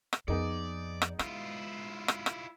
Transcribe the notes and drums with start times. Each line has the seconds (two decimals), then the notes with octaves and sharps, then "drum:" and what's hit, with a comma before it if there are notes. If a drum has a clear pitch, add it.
0.13 drum: rim click
0.28 F2 B3 D#4 G#4 D5
1.02 drum: rim click
1.19 G#3 E4 F4, drum: rim click
2.08 drum: rim click
2.26 drum: rim click